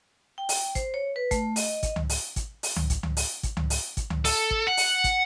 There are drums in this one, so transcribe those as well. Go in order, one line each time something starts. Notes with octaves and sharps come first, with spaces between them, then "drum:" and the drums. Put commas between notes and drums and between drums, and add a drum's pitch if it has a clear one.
G5
drum: open hi-hat
C5, drum: kick, hi-hat
C#5
B4
A3, drum: kick, hi-hat
D#5, drum: open hi-hat
drum: kick, hi-hat
drum: tom C#2
drum: open hi-hat
drum: kick, hi-hat
drum: open hi-hat
drum: tom C#2
drum: kick, hi-hat
drum: tom C#2
drum: open hi-hat
drum: kick, hi-hat
drum: tom C#2
drum: open hi-hat
drum: kick, hi-hat
drum: tom C#2
A4, drum: open hi-hat
drum: kick
F#5
drum: open hi-hat
drum: kick, hi-hat